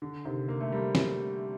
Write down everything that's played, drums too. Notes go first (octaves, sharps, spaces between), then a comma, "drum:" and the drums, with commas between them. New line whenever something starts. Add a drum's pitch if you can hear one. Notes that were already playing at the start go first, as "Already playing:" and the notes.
D3
C3 D#3
A#3
A3
G3 A#3
drum: snare